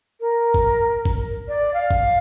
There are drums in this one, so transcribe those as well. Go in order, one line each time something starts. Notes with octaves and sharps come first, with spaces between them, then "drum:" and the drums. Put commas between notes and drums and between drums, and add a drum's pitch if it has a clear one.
A#4
drum: kick G1
drum: kick G1
D5
F5
drum: kick G1